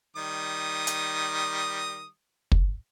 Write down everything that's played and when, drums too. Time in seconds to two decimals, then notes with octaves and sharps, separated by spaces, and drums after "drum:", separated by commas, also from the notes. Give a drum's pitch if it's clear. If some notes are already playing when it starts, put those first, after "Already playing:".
0.16 D#3 G3 D#6
0.87 drum: hi-hat
2.52 drum: kick